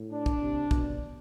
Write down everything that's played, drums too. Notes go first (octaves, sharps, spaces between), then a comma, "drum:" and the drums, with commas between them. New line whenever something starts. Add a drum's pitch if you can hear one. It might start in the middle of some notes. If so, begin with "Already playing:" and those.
Already playing: A2
D4
drum: kick
C3
B2, drum: kick